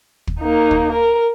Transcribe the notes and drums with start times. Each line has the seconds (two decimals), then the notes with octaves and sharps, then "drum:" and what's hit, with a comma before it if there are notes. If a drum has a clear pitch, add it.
0.27 drum: kick
0.41 A#3 D#4
0.71 drum: kick
0.93 A#4